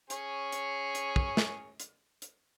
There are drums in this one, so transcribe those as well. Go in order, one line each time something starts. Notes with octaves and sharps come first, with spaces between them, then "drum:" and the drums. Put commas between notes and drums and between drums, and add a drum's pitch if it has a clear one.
C#4 G#4 C#5, drum: hi-hat
drum: hi-hat
drum: hi-hat
drum: kick
drum: snare
drum: hi-hat
drum: hi-hat